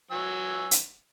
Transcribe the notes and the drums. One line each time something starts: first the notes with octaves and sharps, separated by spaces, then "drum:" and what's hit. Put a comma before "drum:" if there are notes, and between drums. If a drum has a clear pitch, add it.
F#3 G#5 E6
drum: hi-hat